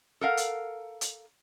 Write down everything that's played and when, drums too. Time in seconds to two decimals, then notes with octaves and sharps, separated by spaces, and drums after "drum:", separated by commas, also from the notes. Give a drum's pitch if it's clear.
0.21 A4 A#4 F5 F#5
0.37 drum: hi-hat
1.01 drum: hi-hat